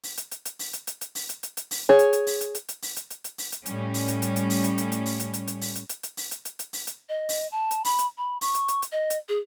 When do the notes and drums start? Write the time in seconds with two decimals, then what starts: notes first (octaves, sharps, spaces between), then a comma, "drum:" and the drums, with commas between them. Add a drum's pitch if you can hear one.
0.03 drum: open hi-hat
0.17 drum: hi-hat
0.31 drum: hi-hat
0.45 drum: hi-hat
0.59 drum: open hi-hat
0.73 drum: hi-hat
0.87 drum: hi-hat
1.01 drum: hi-hat
1.15 drum: open hi-hat
1.29 drum: hi-hat
1.43 drum: hi-hat
1.57 drum: hi-hat
1.71 drum: open hi-hat
1.89 G#4 C#5
1.99 drum: hi-hat
2.13 drum: hi-hat
2.27 drum: open hi-hat
2.41 drum: hi-hat
2.55 drum: hi-hat
2.68 drum: hi-hat
2.82 drum: open hi-hat
2.96 drum: hi-hat
3.10 drum: hi-hat
3.24 drum: hi-hat
3.38 drum: open hi-hat
3.52 drum: hi-hat
3.66 A2 G3 C#4, drum: hi-hat
3.94 drum: open hi-hat
4.08 drum: hi-hat
4.22 drum: hi-hat
4.36 drum: hi-hat
4.50 drum: open hi-hat
4.64 drum: hi-hat
4.78 drum: hi-hat
4.92 drum: hi-hat
5.06 drum: open hi-hat
5.20 drum: hi-hat
5.33 drum: hi-hat
5.47 drum: hi-hat
5.61 drum: open hi-hat
5.75 drum: hi-hat
5.89 drum: hi-hat
6.03 drum: hi-hat
6.17 drum: open hi-hat
6.31 drum: hi-hat
6.45 drum: hi-hat
6.59 drum: hi-hat
6.73 drum: open hi-hat
6.87 drum: hi-hat
7.09 D#5
7.29 drum: open hi-hat
7.52 A5
7.71 drum: hi-hat
7.85 B5, drum: open hi-hat
7.99 drum: hi-hat
8.18 B5
8.41 C#6, drum: open hi-hat
8.54 drum: hi-hat
8.68 drum: hi-hat
8.82 drum: hi-hat
8.92 D#5
9.10 drum: hi-hat
9.29 G#4